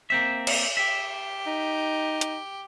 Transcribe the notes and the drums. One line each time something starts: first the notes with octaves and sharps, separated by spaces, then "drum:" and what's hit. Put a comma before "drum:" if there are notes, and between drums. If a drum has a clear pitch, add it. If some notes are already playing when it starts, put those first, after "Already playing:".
A#3 C4 E5
drum: cymbal
G4 E5
D#4
drum: hi-hat